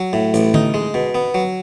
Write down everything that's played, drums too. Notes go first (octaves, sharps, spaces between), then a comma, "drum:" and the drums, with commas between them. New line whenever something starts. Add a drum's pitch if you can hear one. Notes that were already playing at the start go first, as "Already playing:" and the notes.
Already playing: F#3
A2
A1, drum: hi-hat
D#4, drum: tom D3
G#3
B2
B3
F#3